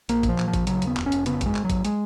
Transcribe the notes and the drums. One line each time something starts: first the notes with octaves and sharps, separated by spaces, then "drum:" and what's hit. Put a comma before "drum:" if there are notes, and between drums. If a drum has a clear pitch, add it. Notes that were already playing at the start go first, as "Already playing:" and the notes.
A#1 A#3, drum: hi-hat
A#2, drum: kick A1, hi-hat
F3
A#2, drum: clap
F3
A#1, drum: kick A1, hi-hat
C#3 F#3, drum: hi-hat
D#2, drum: hi-hat
B3
F1, drum: clap
C#4
F1, drum: hi-hat
C#3 B3, drum: hi-hat
F#2 G#3, drum: kick A1, hi-hat
G#1, drum: clap
F#3
G#1, drum: kick A1, hi-hat
G#3, drum: hi-hat